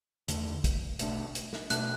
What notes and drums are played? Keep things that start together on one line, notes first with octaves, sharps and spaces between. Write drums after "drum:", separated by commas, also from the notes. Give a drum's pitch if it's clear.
E2 D3 A3, drum: hi-hat
drum: kick, hi-hat
B2 A3 D4, drum: hi-hat
drum: hi-hat
drum: snare
B2 A3 D4 F#6, drum: hi-hat